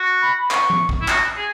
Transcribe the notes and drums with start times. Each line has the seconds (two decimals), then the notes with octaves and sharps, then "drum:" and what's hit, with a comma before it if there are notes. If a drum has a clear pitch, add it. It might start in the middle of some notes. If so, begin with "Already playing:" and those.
Already playing: F#4
0.22 B5
0.42 B5
0.51 C#6, drum: clap
0.70 drum: tom F3
0.89 drum: kick
1.02 E4
1.08 F#4, drum: clap
1.37 G#4